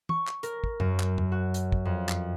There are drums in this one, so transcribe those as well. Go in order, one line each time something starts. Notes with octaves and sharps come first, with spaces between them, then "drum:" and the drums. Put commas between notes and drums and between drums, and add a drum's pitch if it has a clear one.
C#6, drum: tom
drum: clap
A#4, drum: hi-hat
drum: kick
F#2, drum: tom E2
drum: clap
drum: tom E2
F#4
drum: hi-hat
drum: kick
F2
drum: clap